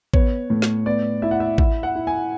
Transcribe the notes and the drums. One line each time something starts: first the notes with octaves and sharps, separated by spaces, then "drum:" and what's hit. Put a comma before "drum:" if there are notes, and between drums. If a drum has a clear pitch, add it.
B3 C#5, drum: kick A1
A2
drum: snare
B3 D5
E4 E5
F#5
E5
E4 E5, drum: kick A1
F#5
E4
G#5